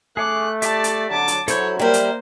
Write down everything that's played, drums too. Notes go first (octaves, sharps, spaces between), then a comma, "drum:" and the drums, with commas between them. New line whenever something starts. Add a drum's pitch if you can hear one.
A3 G#4 C#5 D6 F#6
G4 D5 E5 A5, drum: hi-hat
drum: hi-hat
D3 F#3 A5 D6
drum: hi-hat
F#3 E4 A4 C5 C#5 G6, drum: hi-hat
G3 A#3 A#4 C5 E5
drum: hi-hat